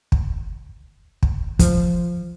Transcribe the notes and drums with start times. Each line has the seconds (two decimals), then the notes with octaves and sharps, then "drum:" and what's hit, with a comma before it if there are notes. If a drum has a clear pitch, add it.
0.12 drum: kick
1.23 drum: kick
1.59 F3, drum: kick, hi-hat